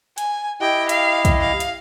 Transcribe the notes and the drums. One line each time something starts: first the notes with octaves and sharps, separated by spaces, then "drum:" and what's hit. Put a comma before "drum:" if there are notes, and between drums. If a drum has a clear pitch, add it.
G#5, drum: hi-hat
E4 G4 D#5 G5
F5, drum: hi-hat
drum: kick, hi-hat
F5
drum: hi-hat